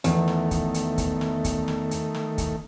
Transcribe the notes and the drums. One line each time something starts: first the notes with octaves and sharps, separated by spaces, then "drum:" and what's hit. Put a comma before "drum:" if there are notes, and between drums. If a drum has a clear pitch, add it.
E2 D#3 A3, drum: hi-hat
drum: snare
drum: kick, hi-hat
drum: hi-hat
drum: kick, hi-hat
drum: snare
drum: kick, hi-hat
drum: snare
drum: hi-hat
drum: snare
drum: kick, hi-hat